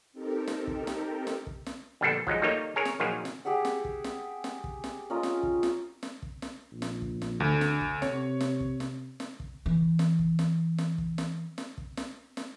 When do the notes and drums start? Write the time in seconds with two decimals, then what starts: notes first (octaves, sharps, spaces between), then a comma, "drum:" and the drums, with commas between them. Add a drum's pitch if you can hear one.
0.13 C4 D#4 G4 A4 A#4
0.48 drum: snare
0.67 drum: kick
0.87 drum: snare
1.27 drum: snare
1.47 drum: kick
1.66 drum: snare
2.01 A#1 D3 G3 B3 D4 A4
2.27 F3 F#3 G#3 D#4, drum: kick
2.42 D#3 G3 A3 A#3 D#4 C#5
2.76 G#4 A#4 C#5
2.85 drum: snare
3.00 A#2 D#3 F3 F#3 G#4 F5
3.25 drum: snare
3.45 G4 G#4 E5 F#5
3.65 drum: snare
3.85 drum: kick
4.04 drum: snare
4.44 drum: snare
4.64 drum: kick
4.84 drum: snare
5.10 C#4 F4 A#4 D#5
5.23 drum: snare
5.43 drum: kick
5.63 drum: snare
6.03 drum: snare
6.22 drum: kick
6.42 drum: snare
6.72 A#1
6.82 drum: snare
7.02 drum: kick
7.22 drum: snare
7.40 D2 D3
7.61 drum: snare
7.81 drum: kick
8.02 C3 C#5, drum: snare
8.41 drum: snare
8.60 drum: kick
8.80 drum: snare
9.20 drum: snare
9.40 drum: kick
9.66 E3 E4
9.99 drum: snare
10.19 drum: kick
10.39 drum: snare
10.78 drum: snare
10.98 drum: kick
11.18 drum: snare
11.58 drum: snare
11.78 drum: kick
11.97 drum: snare
12.37 drum: snare